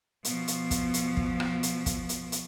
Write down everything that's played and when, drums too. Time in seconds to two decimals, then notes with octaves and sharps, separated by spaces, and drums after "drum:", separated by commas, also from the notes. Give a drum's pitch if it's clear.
0.25 B2 F3, drum: hi-hat
0.48 drum: hi-hat
0.71 drum: kick, hi-hat
0.94 drum: hi-hat
1.17 drum: kick
1.40 drum: rim click
1.63 drum: hi-hat
1.86 drum: kick, hi-hat
2.09 drum: hi-hat
2.32 drum: hi-hat